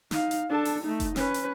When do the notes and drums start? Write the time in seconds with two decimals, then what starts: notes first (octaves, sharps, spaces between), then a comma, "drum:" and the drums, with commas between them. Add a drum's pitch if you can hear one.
0.11 D#4 F5, drum: snare
0.31 drum: hi-hat
0.49 D4 A4
0.65 drum: open hi-hat
0.83 A3 D#4
1.00 drum: kick F1, hi-hat
1.16 C#4 B4, drum: snare
1.34 drum: hi-hat